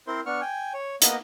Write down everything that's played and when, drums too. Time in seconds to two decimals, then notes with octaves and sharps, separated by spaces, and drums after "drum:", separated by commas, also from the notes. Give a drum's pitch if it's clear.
0.07 C4 E4 A#4 C5 C6
0.26 B3 D4 C#6 F6
0.41 G5 G#5
0.74 C#5
1.02 A#3 B3 D#5, drum: hi-hat